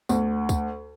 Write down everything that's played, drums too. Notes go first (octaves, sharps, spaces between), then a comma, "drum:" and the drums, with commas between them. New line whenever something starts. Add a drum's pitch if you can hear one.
D2, drum: tambourine
drum: kick, tambourine